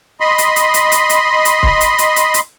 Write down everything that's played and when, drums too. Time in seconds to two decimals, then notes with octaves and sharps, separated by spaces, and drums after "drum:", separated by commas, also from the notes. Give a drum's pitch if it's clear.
0.20 D#5 B5 C6
0.38 drum: hi-hat
0.56 drum: hi-hat
0.74 drum: hi-hat
0.92 drum: hi-hat
1.09 drum: hi-hat
1.45 drum: hi-hat
1.63 drum: kick
1.81 drum: hi-hat
1.98 drum: hi-hat
2.16 drum: hi-hat
2.34 drum: hi-hat